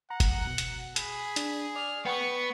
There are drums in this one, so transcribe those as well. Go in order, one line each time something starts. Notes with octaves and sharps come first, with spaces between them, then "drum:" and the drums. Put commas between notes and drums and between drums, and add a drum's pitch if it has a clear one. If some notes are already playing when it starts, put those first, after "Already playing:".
F#5 A#5
drum: kick, hi-hat
B2
drum: hi-hat
G#4 B5, drum: hi-hat
D4, drum: hi-hat
D5 F6
B3 G5 C#6